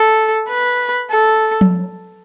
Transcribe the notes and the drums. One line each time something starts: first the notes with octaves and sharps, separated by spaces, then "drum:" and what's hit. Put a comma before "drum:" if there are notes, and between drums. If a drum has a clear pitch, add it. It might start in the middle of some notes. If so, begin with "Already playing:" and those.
Already playing: A4
B4
A4
drum: tom F3